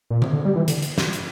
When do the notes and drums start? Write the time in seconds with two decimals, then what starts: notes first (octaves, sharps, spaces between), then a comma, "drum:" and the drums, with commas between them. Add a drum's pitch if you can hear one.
0.10 A#2
0.22 C3, drum: tom D3
0.33 D3
0.45 G3
0.56 E3
0.68 D3, drum: hi-hat
0.82 drum: hi-hat
0.98 drum: snare
1.13 drum: hi-hat